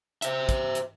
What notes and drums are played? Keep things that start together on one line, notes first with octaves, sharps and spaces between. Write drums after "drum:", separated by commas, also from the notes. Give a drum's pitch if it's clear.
C5 E5, drum: hi-hat
drum: kick, hi-hat
drum: hi-hat